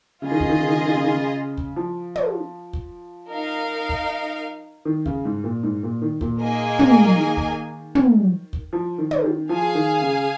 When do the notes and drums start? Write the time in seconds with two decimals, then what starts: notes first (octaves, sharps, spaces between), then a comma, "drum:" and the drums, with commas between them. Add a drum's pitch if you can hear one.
0.22 C#3 F4 G#4 D#5
0.31 D#3
0.40 C#3, drum: kick
0.49 D#3
0.58 C#3
0.68 D#3
0.76 C#3
0.85 D#3
0.95 C#3
1.04 D#3
1.12 C#3
1.58 drum: kick
1.76 F3
2.16 drum: tom
2.73 drum: kick
3.31 D#4 A#4 F5
3.89 drum: kick
4.85 D#3
5.06 C#3, drum: kick
5.25 G#2
5.44 A#2
5.63 G#2
5.83 A#2
6.02 D#3
6.21 A#2, drum: kick
6.40 A#3 D#4 G#4 D#5 G#5
6.79 drum: tom
7.17 D#3
7.37 drum: kick
7.95 drum: tom
8.53 drum: kick
8.73 F3
8.98 D#3
9.11 drum: tom
9.24 D#3
9.49 F3 G#4 F5 G#5
9.75 D#3
10.01 C#3